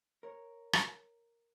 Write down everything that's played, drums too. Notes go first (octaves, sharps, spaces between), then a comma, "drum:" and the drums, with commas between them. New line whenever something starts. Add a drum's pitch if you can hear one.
A#4 C#5
drum: rim click